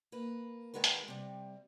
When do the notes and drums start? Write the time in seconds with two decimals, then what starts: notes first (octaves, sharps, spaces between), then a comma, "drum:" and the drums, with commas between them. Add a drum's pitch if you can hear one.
0.12 A#3 B4
0.74 D#3 G#3 F#4 A#4 B4
0.84 drum: hi-hat
1.08 C3 G3